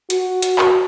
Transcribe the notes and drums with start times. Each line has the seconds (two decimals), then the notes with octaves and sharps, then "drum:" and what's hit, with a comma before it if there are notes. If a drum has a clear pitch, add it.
0.10 F#4, drum: hi-hat
0.42 drum: hi-hat
0.59 drum: clap